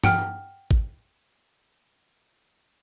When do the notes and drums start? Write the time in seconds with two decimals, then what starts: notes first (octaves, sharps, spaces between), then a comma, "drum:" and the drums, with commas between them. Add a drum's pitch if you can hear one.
0.04 F#5 G5 F6, drum: tom G2
0.71 drum: kick G#1